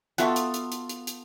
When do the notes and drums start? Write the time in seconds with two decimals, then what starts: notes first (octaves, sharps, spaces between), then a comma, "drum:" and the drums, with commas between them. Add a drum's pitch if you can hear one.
0.18 B3 F4 F#4 A4 E5 C#6, drum: hi-hat
0.36 drum: hi-hat
0.54 drum: hi-hat
0.72 drum: hi-hat
0.89 drum: hi-hat
1.07 drum: hi-hat